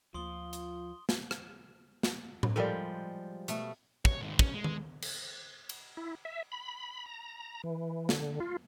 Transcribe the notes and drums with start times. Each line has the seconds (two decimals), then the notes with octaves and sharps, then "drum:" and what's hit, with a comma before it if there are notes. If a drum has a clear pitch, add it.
0.14 D2 F3 A#3 F4 C6 D#6 G7
0.53 drum: hi-hat
1.09 drum: snare
1.31 drum: rim click
2.03 drum: snare
2.43 drum: tom A2
2.56 F3 G3 G#3 A4 A#4 D5
3.48 B2 A3, drum: hi-hat
4.05 C#5, drum: kick
4.21 G#2 D#3
4.39 C#4, drum: kick
4.54 G#3
4.64 drum: tom D#3
5.02 drum: cymbal
5.69 drum: cymbal
5.97 E4
6.25 E5
6.52 B5
7.06 A#5
7.64 E3
8.09 D3, drum: snare
8.40 F4